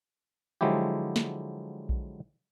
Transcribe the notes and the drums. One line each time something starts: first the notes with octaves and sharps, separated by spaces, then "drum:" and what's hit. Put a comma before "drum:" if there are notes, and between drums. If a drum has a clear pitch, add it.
D3 F3 F#3 G#3 E4 G4
drum: snare
drum: kick A#1